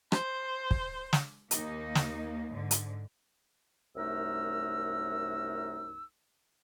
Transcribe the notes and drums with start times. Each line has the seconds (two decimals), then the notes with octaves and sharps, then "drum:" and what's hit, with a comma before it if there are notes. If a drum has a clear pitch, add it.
0.12 C5, drum: rim click
0.71 drum: kick
1.13 drum: snare
1.51 D#2 A#3 D#4, drum: hi-hat
1.95 drum: snare
2.53 G#2 D3
2.71 drum: hi-hat
3.96 C2 F#2 A3 D#4 A#4 E6